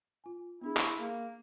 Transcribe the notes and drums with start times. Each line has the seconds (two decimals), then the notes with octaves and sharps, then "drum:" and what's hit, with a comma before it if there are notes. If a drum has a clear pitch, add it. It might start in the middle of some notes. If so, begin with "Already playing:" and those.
0.24 F4 G#5
0.61 B3 D4 E4 G#4
0.77 drum: clap
0.99 A#3 G#4